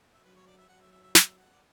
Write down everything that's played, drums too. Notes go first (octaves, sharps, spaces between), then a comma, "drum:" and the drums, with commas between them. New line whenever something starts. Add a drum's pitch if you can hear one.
E5
F#3 B4
C#5
D5
E5
F#3 F#5
E5
E5
E5
E5, drum: snare
F#5
D5